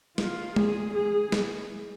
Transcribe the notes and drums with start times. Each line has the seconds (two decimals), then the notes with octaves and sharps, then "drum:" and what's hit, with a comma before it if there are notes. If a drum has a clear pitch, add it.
0.18 F4, drum: snare
0.56 G#4, drum: tom G#3
0.94 G#4
1.32 drum: snare